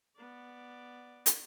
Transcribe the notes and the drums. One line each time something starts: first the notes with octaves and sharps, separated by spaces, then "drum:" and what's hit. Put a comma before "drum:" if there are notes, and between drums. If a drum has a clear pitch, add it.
B3 D5
drum: hi-hat